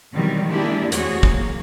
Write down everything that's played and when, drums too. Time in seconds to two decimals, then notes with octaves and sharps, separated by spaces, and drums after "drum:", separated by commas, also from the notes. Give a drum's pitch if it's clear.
0.14 B2 D#3 E3 F#3 G3 C4
0.48 G#3 A#3 D4 E4 G4 G#4
0.92 E2 A3 C4 F#4 G#4 C#5, drum: hi-hat
1.23 F#3 A#3, drum: kick